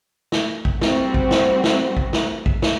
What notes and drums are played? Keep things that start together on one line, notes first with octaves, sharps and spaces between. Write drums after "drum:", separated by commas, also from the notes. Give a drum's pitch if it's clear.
drum: snare
drum: kick
G3 C4 F#4, drum: snare
drum: kick
drum: snare
drum: snare
drum: kick
drum: snare
drum: kick
drum: snare